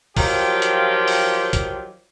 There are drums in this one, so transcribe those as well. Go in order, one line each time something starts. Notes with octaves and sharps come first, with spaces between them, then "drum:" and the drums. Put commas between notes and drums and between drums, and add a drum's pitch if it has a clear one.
D#3 F3 F#3 F4 G4, drum: kick B1, open hi-hat
drum: hi-hat
drum: open hi-hat
drum: kick B1, hi-hat